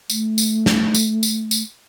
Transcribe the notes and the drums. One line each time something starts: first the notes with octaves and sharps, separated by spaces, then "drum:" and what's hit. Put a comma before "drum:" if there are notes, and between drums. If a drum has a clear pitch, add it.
A3, drum: tambourine
drum: tambourine
drum: snare
drum: tambourine
drum: tambourine
drum: tambourine